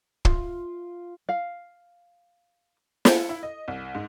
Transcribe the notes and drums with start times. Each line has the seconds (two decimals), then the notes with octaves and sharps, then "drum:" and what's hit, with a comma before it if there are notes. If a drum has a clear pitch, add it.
0.25 F4, drum: kick
1.29 F5
3.05 A4, drum: snare
3.29 E4
3.43 D#5
3.68 C2
3.95 G#2